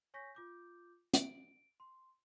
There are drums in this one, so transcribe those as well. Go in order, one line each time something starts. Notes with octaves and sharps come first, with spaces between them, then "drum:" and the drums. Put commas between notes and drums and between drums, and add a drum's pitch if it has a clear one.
C#5 G#5 C#6 G6 A#6 B6
F4 D6 G6
D7, drum: hi-hat
C6